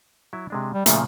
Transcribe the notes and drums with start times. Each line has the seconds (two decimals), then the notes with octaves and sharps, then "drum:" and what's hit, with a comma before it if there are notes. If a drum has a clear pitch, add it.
0.33 F#3 E4
0.50 C3 G#3 D4
0.73 G3
0.86 A#2 C#3 F3 A3, drum: hi-hat